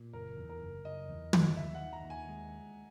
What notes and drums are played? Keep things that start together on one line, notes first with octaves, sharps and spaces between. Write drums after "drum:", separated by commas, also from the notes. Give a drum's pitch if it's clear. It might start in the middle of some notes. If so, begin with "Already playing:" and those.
Already playing: A#2
F#1 A#4
E2
A#4
F#1
F#1 D#5
E2
F#1, drum: tom
D#2 E5
F#5
D#3
A#5
D#2
G#5
G#3